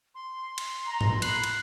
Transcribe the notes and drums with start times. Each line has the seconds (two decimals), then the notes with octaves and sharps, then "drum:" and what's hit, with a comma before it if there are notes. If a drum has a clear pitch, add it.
0.15 C6
0.58 drum: cymbal
0.86 A#5
1.01 drum: tom G#2
1.22 B5 F#6 C7 F#7, drum: cymbal
1.44 drum: cymbal